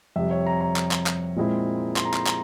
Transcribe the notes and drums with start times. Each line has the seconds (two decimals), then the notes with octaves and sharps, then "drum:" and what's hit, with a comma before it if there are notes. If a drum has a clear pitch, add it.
0.16 F2 C3 G3 E5
0.31 C#5
0.47 A#5
0.61 A#5
0.76 drum: clap
0.91 drum: clap
1.06 drum: clap
1.36 A#2 G#3 C4 E4
1.96 C6, drum: clap
2.05 A#5
2.14 C6, drum: clap
2.27 A#5, drum: clap